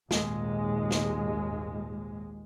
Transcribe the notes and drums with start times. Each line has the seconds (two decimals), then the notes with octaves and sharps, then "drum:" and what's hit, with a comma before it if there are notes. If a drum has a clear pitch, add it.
0.11 G#1 D#2 A#2 G#3, drum: snare
0.91 drum: snare